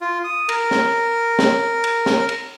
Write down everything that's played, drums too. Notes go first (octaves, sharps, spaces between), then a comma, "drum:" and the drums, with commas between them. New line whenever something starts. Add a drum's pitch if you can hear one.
F4
D#6
A#4, drum: cymbal
drum: snare
drum: snare
drum: cymbal
drum: snare
drum: cymbal